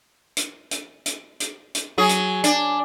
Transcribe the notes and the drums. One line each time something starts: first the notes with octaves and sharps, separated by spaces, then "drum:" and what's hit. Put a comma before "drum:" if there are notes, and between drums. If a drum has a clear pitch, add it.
drum: hi-hat
drum: hi-hat
drum: hi-hat
drum: hi-hat
drum: hi-hat
F#3 G#4
drum: hi-hat
D4, drum: hi-hat